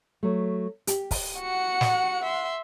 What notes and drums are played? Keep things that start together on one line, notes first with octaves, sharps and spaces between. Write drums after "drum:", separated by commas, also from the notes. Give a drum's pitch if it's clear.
F#3 A3
G4, drum: hi-hat
drum: kick, open hi-hat
F#4 F#5 C#7
drum: snare
E5 C6